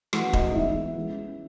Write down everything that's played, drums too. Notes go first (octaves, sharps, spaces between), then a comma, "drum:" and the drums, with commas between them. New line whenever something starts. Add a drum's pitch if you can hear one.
E3 A3 C#4 F#4 F#5, drum: rim click
D#4 D#5, drum: kick E1
E3 G#3 B3 E4 E5
E3 G#3 C#4